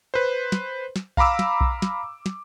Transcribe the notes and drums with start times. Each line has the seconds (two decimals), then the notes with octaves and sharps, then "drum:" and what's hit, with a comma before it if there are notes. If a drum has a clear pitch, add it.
0.14 B4 C5
0.52 drum: snare
0.96 drum: snare
1.17 F5 A#5 B5 D6 E6, drum: kick B1
1.39 drum: snare
1.61 drum: kick B1
1.82 drum: snare
2.26 drum: snare